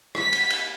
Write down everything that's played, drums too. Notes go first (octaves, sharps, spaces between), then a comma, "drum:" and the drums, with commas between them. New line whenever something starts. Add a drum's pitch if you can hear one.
B6, drum: rim click
drum: cymbal
drum: cymbal